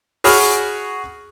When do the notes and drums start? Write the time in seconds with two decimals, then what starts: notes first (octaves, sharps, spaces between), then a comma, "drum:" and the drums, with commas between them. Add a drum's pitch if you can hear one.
0.24 F#4 G#4 C#5 B5 F6, drum: open hi-hat